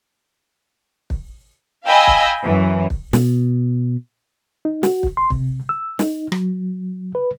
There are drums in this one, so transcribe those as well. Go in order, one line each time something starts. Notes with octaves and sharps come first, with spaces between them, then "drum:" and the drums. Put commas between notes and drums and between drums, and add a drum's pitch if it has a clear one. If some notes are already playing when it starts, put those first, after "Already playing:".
drum: kick
D#5 F5 G5 G#5 B5 E6
drum: kick
F#2 E3
drum: kick
B2, drum: snare
D#4
F#4, drum: snare
drum: kick
C6
C3, drum: kick
E6
D#4, drum: snare
F#3, drum: rim click
B4